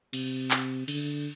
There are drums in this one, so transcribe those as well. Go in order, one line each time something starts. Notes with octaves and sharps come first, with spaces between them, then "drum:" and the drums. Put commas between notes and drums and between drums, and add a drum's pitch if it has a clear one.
C3, drum: cymbal
drum: clap
D3, drum: cymbal